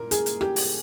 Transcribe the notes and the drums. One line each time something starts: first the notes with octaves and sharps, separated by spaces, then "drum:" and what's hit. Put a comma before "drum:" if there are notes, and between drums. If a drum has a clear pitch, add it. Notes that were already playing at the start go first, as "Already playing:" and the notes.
Already playing: A#2 A#4
G#4, drum: hi-hat
drum: hi-hat
G4, drum: rim click
drum: open hi-hat